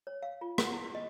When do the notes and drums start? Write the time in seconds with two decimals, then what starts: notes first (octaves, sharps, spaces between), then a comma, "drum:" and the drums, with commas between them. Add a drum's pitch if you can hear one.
0.07 C#5
0.22 F5
0.41 F4
0.58 F#5, drum: rim click
0.73 E4
0.95 D#5